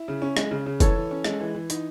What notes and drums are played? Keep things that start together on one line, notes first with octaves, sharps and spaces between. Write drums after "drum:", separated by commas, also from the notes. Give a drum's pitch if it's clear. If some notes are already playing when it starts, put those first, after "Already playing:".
Already playing: E4
C#3
C#4
G#3, drum: rim click
C#3
C#3
E3 A4 C#5, drum: kick, hi-hat
E3
C#4
G#3, drum: rim click
E3
E3
D#4, drum: hi-hat